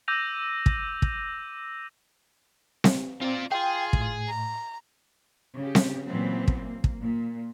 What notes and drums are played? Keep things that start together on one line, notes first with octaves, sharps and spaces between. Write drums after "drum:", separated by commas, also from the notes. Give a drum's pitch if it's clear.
D6 E6 G6 A#6 D#7 F7
drum: kick
drum: kick
drum: snare C4
C4 F4 D5
F4 G#4 G5
A2, drum: kick
A#5
C#3 G4
drum: snare C4
A#2 E3 F#3 B3 C4
drum: kick
A#3
drum: kick
A#2